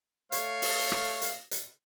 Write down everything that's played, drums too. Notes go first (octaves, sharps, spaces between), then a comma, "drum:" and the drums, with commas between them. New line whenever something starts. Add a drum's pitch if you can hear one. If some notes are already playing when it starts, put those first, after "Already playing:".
A3 C#5 F5, drum: hi-hat
drum: open hi-hat
drum: rim click
drum: hi-hat
drum: hi-hat